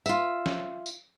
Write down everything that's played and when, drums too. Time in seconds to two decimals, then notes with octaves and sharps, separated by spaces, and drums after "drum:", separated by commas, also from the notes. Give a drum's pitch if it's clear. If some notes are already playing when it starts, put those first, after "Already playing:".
0.06 F4 E5, drum: tambourine
0.46 drum: snare
0.86 drum: tambourine